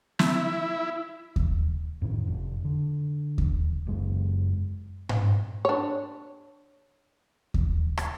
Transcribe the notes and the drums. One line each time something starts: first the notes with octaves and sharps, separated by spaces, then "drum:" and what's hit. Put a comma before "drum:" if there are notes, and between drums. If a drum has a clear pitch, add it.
E4, drum: snare
drum: kick D#2
F2 A2 C3 D#3
F1
D3
drum: kick D#2
F#1 F#2 G#3
drum: tom G#2
D4 C#5
drum: kick D#2
drum: rim click